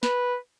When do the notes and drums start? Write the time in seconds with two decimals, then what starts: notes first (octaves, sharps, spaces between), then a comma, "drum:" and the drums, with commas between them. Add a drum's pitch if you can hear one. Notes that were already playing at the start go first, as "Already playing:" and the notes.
0.03 B4, drum: snare